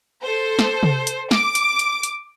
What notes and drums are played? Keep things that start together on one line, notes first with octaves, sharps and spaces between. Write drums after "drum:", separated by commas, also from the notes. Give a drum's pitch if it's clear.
A4 C5
drum: snare
drum: tom C3
drum: hi-hat
D6, drum: snare
drum: hi-hat
drum: hi-hat
drum: hi-hat